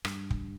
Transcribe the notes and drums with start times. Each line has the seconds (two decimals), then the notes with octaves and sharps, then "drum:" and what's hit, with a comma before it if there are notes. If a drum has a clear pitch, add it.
0.05 G2, drum: rim click
0.30 drum: kick